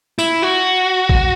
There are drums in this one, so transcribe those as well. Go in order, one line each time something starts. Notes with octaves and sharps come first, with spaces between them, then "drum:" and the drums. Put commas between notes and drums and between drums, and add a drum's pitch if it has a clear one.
E4, drum: tambourine
F#4
drum: kick A1